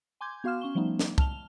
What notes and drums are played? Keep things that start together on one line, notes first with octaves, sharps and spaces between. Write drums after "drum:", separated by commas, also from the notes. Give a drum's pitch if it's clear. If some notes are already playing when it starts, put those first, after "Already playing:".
G#5 C6 D6 G6 G#6
B3 F#4 F5 C6 F6 E7
C#4 C#6 G7
F3 G3 A3 B3 D#4
drum: snare
A5 F6 F7 G7, drum: kick C2